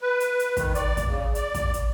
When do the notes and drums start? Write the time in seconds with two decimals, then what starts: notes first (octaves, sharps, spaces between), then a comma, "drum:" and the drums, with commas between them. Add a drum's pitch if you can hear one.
0.01 B4
0.20 drum: hi-hat
0.39 drum: hi-hat
0.57 D#3, drum: kick, hi-hat
0.75 D5, drum: hi-hat
0.97 drum: kick, hi-hat
1.08 C#3
1.35 D5, drum: hi-hat
1.54 drum: kick, hi-hat
1.74 drum: hi-hat